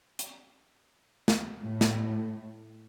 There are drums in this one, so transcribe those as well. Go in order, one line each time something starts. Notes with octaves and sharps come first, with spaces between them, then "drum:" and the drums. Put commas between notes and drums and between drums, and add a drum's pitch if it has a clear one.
drum: hi-hat
drum: snare
A2
drum: snare